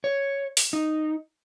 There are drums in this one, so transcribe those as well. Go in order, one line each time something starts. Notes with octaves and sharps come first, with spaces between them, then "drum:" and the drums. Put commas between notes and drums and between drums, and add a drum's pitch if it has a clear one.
C#5
drum: open hi-hat
D#4